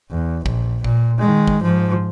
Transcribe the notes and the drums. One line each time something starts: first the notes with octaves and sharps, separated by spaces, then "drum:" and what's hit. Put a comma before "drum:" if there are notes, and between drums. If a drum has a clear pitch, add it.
E2
A#1, drum: kick
A#2, drum: kick
D#3 G#3
drum: kick
G#2 F3